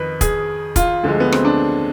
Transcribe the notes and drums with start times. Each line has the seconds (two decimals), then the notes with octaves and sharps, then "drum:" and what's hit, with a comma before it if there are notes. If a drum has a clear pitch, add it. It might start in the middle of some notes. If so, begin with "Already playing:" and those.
Already playing: F2 D#3 B4
0.21 G#4, drum: kick, hi-hat
0.76 F4, drum: kick, hi-hat
1.03 D2 D3 F3 G#3
1.20 B3
1.32 C4, drum: rim click
1.45 D4